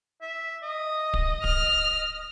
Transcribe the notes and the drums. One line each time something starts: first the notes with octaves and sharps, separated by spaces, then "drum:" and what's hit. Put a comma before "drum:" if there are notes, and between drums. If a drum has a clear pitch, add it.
E5
D#5
drum: kick D1
F6, drum: kick D1